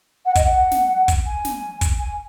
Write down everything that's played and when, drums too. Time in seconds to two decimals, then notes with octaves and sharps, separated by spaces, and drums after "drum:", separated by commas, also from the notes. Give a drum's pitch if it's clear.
0.25 F#5
0.35 D#5, drum: kick, hi-hat
0.44 F#5
0.71 drum: snare
1.08 drum: kick, hi-hat
1.26 G#5
1.45 drum: snare
1.81 drum: kick, hi-hat
1.99 G#5